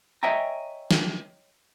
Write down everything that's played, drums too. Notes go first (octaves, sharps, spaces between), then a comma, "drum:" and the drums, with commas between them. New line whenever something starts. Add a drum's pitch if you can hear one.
C#5 D#5 E5 G5 G#5 A#5
drum: snare